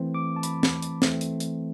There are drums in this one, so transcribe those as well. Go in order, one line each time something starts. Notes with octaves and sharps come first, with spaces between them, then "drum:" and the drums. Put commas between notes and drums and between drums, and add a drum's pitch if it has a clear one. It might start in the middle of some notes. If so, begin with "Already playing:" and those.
Already playing: E3 A3 C4
D6
A5
B5, drum: hi-hat
drum: snare
drum: hi-hat
E3 A3 C4, drum: snare
drum: hi-hat
drum: hi-hat